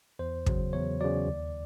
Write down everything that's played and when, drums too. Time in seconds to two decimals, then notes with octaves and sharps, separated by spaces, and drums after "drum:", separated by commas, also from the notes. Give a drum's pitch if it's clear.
0.19 E2 C5
0.46 C#3 F#3, drum: kick
0.73 E2 C#5
1.00 C#3 F#3 D5
1.28 D#2